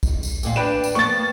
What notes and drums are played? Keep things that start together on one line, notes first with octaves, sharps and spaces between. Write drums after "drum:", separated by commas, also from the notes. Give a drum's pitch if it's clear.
drum: kick, tambourine
drum: tambourine
D#2 A#2 F5, drum: tambourine
D4 B4 D5 G5 E7
drum: tambourine
F3 A#3 B3 C#6 A6